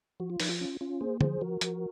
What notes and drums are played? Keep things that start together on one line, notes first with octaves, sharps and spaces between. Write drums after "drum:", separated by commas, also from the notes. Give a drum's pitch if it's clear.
F3 F#4
F4
F3 D#4, drum: open hi-hat
F4
C#4
C#4 F4
A#3 G#4 C5
F3 G#4 C5, drum: tom
F3 F#4 A#4
F3, drum: hi-hat